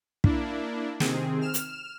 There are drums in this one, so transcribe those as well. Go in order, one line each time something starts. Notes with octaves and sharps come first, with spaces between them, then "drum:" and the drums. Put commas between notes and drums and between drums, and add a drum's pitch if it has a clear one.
A#3 D4 E4, drum: kick
C3 D#3 C4 G#4, drum: snare
F6 E7
drum: hi-hat